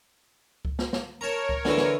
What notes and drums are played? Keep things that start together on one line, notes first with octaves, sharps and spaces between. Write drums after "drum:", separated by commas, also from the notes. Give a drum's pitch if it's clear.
drum: kick C#2
drum: snare
drum: snare
A#4 C#5 A5 A#5
drum: kick C#2
D3 E3, drum: snare
drum: snare